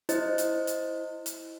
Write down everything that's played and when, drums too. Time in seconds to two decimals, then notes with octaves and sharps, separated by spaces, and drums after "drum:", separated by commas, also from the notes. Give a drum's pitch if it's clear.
0.09 E4 C5 D#5, drum: hi-hat
0.38 drum: hi-hat
0.67 drum: hi-hat
1.26 drum: hi-hat